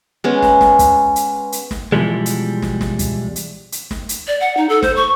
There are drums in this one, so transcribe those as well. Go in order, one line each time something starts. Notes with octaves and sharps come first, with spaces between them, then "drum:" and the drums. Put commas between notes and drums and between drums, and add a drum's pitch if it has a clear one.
G#3 B3 C#4
drum: snare
drum: snare
drum: kick, hi-hat
drum: hi-hat
drum: hi-hat
drum: snare
B2 D3 E3 F3 G3 G#3
drum: hi-hat
drum: snare
drum: snare
drum: kick, hi-hat
drum: hi-hat
drum: hi-hat
drum: snare
drum: hi-hat
D5
F#5
D#4
A4
C5, drum: snare
C#6